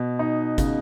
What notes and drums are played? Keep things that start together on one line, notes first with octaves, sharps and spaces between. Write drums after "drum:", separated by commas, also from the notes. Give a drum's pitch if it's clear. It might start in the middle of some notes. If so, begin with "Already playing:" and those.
Already playing: B2
D#4
C#3, drum: kick, hi-hat